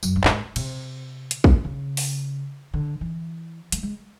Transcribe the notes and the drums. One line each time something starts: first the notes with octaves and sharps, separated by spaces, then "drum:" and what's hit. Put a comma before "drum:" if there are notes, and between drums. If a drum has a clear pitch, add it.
F#2, drum: tambourine
G2
A2, drum: clap
G#2
C3, drum: cymbal
drum: hi-hat
drum: kick
C#3
drum: open hi-hat
D3
E3
A3, drum: hi-hat
G#3